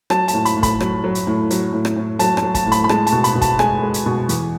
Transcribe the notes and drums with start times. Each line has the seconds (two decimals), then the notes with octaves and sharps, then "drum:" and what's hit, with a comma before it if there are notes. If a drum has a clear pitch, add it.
0.10 F#3 A5, drum: rim click
0.28 A5, drum: hi-hat
0.34 A2
0.45 B5, drum: hi-hat
0.56 A2
0.63 B5, drum: kick, hi-hat
0.80 F#3, drum: rim click
1.04 F#3
1.15 drum: hi-hat
1.27 A2
1.50 F#3, drum: hi-hat
1.73 A2
1.85 drum: rim click
1.96 A2
2.19 F#3 A5, drum: hi-hat
2.37 A5, drum: rim click
2.43 F#3
2.55 A5, drum: kick, hi-hat
2.66 A2
2.72 B5, drum: hi-hat
2.84 B5
2.89 G#3 A5, drum: rim click
3.07 A5, drum: hi-hat
3.12 B2
3.24 B5, drum: hi-hat
3.35 B2
3.41 A5, drum: kick, hi-hat
3.59 G#3 G#5, drum: rim click
3.82 G#3
3.94 drum: hi-hat
4.06 B2
4.29 E2, drum: hi-hat